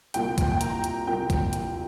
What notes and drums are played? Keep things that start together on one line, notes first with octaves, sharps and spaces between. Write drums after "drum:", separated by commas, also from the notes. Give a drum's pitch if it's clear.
C2 A#2 A#3 G5, drum: hi-hat
drum: kick, hi-hat
G5
A#5, drum: hi-hat
drum: hi-hat
C2 A#2 A#3 G5
drum: kick, hi-hat
drum: hi-hat